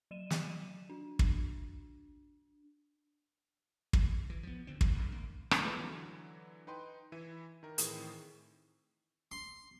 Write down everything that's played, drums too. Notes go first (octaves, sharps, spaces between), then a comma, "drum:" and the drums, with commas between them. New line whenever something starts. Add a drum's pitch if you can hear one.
F#3 D#7 E7
drum: snare
D4
drum: kick
drum: kick
E3
F3 B3
D2 D3 C4
E1 C3 D#3, drum: kick
C2 G2 C3
G#1 A#3
drum: rim click
E3 F3 G#3 A3 B3 F4
D3 E3 F#3
D#4 B4 G5 C6
E3 E4 E5 D#7
D#3 A#4
A2 D#3 E3 C4 G#4, drum: hi-hat
C6